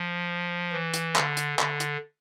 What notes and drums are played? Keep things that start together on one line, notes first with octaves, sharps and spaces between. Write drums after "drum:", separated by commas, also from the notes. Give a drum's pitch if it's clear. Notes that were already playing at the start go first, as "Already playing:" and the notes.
Already playing: F3
E3
drum: hi-hat
D3, drum: clap
drum: hi-hat
D3, drum: clap
drum: hi-hat